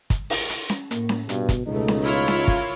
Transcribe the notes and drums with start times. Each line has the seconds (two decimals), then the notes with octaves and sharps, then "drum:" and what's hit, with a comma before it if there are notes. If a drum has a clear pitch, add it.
0.10 drum: kick, hi-hat
0.30 drum: open hi-hat
0.50 drum: hi-hat
0.70 drum: snare C#4
0.91 A2 A#3, drum: hi-hat
1.09 drum: snare C#4
1.29 G2 B2, drum: hi-hat
1.49 drum: kick, hi-hat
1.67 C#2 B2 G#3 A3 D#4
1.88 drum: snare C#4
2.02 E4 F4 C#5
2.28 drum: snare C#4
2.39 A#4 F5
2.48 drum: kick